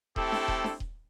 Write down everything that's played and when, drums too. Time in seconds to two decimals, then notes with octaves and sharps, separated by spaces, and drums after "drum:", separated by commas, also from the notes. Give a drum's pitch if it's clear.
0.16 A3 C4 E4 G4 A4, drum: kick D#1
0.32 drum: snare D4
0.48 drum: kick D#1
0.64 drum: snare D4
0.80 drum: kick D#1